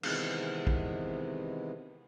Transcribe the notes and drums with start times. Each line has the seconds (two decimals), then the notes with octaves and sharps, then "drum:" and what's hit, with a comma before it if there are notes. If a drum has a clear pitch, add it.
0.03 C3 D#3 E3 G#3 B3 C4, drum: cymbal
0.67 drum: kick